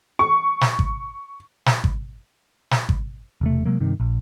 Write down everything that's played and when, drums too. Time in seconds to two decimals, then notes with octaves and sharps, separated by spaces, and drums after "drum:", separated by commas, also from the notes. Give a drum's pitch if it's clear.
0.19 C#6
0.61 drum: snare
0.79 drum: kick G#1
1.66 drum: snare
1.84 drum: kick G#1
2.71 drum: snare
2.89 drum: kick G#1
3.41 E1 C3 A3
3.66 C3 F#3 G#3 A#3
3.80 G2 C3 D#3
4.00 A#1